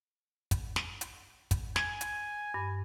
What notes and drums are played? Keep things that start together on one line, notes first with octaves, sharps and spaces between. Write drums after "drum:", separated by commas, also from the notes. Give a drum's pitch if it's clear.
drum: kick, hi-hat
drum: snare
drum: hi-hat
drum: kick, hi-hat
G#5 G#6, drum: snare
drum: hi-hat
G2